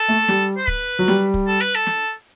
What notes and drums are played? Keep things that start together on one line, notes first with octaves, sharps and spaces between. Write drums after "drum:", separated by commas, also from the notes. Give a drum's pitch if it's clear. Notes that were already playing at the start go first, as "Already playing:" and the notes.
Already playing: A4
A3
G3, drum: snare
C5
B4, drum: kick
F#3
G3, drum: snare
drum: kick
A4
B4
A4
drum: snare